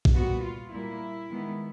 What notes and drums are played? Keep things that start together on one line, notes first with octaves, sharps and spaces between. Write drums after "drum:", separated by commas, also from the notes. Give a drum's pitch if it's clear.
drum: kick A#1
A#2 G3 B3 F#4
F4
A#2 G3 A#3 E4
D#3 G#3 B3